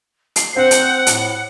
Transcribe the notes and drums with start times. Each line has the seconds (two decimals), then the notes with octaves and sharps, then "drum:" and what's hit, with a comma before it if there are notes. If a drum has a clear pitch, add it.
0.36 C7, drum: hi-hat
0.56 C4 C5 F#5
0.71 drum: hi-hat
1.06 A2, drum: hi-hat